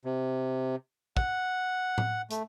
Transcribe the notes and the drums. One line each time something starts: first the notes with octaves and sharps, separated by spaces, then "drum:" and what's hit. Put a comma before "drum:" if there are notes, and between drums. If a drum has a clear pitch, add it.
C3
F#5, drum: kick
drum: tom A2
A3, drum: hi-hat